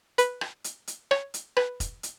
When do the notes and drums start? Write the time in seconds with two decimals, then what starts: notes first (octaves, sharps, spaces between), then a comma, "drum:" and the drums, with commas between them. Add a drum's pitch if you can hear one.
0.18 B4, drum: hi-hat
0.41 drum: rim click
0.64 drum: hi-hat
0.87 drum: hi-hat
1.11 C#5, drum: rim click
1.34 drum: hi-hat
1.57 B4, drum: rim click
1.80 drum: kick F1, hi-hat
2.03 drum: hi-hat